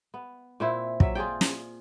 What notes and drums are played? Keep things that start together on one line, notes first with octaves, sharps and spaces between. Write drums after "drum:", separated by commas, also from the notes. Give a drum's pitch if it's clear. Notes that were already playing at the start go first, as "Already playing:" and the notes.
B3
A#2 C4 E4
F#3 E5, drum: kick
F4 G#4 D5 G5
drum: snare